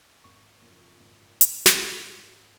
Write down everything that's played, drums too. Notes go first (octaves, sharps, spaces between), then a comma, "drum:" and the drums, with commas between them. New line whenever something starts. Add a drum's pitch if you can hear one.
G#1 C#6
F#2 C#3 F3
G#1
drum: hi-hat
drum: snare